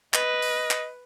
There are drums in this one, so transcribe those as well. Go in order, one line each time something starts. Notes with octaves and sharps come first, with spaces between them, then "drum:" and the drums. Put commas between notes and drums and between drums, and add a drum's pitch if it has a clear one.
B4 D#5, drum: clap
drum: open hi-hat
drum: clap